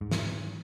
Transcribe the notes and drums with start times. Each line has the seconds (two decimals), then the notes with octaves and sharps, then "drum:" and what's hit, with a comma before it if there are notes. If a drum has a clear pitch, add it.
0.01 G#2
0.11 drum: snare